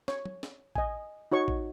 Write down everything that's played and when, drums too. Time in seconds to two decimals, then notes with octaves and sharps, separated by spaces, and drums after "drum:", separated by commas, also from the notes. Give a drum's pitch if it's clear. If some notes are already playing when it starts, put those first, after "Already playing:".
0.08 C#5, drum: snare
0.25 drum: tom
0.43 drum: snare
0.76 D#5 G#5, drum: kick A1
1.32 D#4 F#4 C#5 C#6
1.48 drum: kick A1